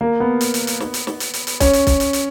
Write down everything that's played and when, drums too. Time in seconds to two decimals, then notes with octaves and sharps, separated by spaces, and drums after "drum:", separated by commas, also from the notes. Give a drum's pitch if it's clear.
0.01 A#3
0.20 B3
0.41 drum: hi-hat
0.54 drum: hi-hat
0.67 drum: hi-hat
0.80 drum: snare
0.94 drum: hi-hat
1.07 drum: snare
1.20 drum: hi-hat
1.34 drum: hi-hat
1.47 drum: hi-hat
1.60 C#4, drum: kick B1, hi-hat
1.73 drum: hi-hat
1.87 drum: kick B1, hi-hat
2.00 drum: hi-hat
2.13 drum: hi-hat